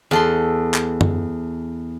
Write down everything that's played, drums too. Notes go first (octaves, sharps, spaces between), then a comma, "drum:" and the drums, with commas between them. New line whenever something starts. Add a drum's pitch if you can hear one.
E2 A4 C6
drum: clap
drum: tom F#2